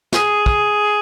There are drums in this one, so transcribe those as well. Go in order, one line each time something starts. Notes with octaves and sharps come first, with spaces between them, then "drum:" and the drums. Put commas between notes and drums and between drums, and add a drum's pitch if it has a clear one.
G#4, drum: snare
drum: kick